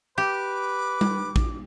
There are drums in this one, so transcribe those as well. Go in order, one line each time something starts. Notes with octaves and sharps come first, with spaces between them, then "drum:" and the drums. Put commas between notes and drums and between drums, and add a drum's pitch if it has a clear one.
G4 B4 D6
drum: tom G3
drum: kick